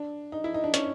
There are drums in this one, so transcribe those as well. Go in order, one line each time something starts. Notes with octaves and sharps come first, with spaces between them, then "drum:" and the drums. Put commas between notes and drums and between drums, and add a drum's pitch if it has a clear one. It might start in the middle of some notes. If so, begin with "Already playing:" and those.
Already playing: D4
D#4
E4
D#4
D4
C#4, drum: hi-hat